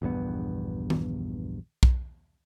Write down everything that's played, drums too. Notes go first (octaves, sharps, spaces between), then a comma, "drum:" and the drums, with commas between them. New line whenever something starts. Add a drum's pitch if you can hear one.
A#1 E2 G2 B3
drum: tom D#3
drum: kick B1